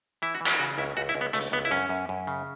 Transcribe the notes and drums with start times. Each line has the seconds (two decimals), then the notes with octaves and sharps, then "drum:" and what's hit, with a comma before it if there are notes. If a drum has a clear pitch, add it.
0.22 E3 E4
0.35 F#4
0.41 E3
0.46 E4, drum: clap
0.59 C#3 F#4
0.78 C#2 E4
0.97 C#2 F#4
1.09 E4
1.15 C#2
1.21 B3
1.33 C#2 A3, drum: hi-hat
1.52 C#2 B3
1.65 E4
1.71 F#2 C#4
1.89 F#2
2.09 F#2
2.27 C#3